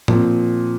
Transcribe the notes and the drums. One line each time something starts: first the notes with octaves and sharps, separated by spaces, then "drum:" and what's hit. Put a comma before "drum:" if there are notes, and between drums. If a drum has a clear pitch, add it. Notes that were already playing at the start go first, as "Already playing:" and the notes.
A#2 F3 C4, drum: tom A2